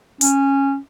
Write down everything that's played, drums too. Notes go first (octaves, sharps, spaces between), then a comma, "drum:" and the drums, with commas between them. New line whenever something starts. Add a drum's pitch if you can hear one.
C#4, drum: hi-hat